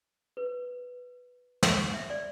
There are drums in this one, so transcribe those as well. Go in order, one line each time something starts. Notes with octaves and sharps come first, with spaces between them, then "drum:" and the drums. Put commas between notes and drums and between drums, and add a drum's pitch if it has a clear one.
B4
E5, drum: snare
E5
D5